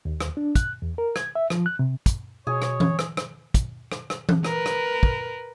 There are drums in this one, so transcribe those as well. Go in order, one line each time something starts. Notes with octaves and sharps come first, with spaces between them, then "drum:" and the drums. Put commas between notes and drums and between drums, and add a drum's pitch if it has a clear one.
D#2
drum: rim click
D4
F#6, drum: kick, hi-hat
E2
A#4
G#6, drum: rim click
E5
F3, drum: rim click
F#6
C3
drum: kick, hi-hat
B2 G#4 C#5
drum: rim click
drum: tom E3
drum: rim click
drum: rim click
drum: kick, hi-hat
drum: rim click
drum: rim click
drum: tom E3
A#4 B4, drum: rim click
drum: rim click
drum: kick